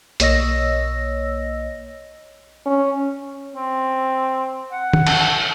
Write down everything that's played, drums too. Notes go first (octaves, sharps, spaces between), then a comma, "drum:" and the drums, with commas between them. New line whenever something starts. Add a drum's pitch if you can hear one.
B1 A#3 C#5 D#5 E6 A#6, drum: hi-hat
C#4
C4
F#5
drum: tom
drum: cymbal